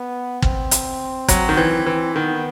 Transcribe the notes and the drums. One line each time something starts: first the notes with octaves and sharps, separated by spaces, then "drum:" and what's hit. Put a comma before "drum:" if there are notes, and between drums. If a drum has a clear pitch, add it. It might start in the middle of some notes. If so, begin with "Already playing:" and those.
Already playing: B3
C4, drum: kick
drum: hi-hat
F#3, drum: kick, hi-hat
D#3
E3
E3
D#3 B3